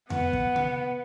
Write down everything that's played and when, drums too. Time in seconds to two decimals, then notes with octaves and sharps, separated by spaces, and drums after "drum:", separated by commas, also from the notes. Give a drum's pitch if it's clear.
0.10 B3 F#5, drum: tom E2
0.33 drum: kick
0.56 drum: tom C3